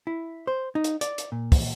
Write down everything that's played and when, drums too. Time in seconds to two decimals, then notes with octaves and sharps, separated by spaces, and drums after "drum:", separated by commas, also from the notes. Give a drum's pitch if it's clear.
0.07 E4
0.47 C5
0.75 D#4
0.84 drum: hi-hat
1.01 D5, drum: hi-hat
1.18 drum: hi-hat
1.32 A#2
1.52 drum: kick, open hi-hat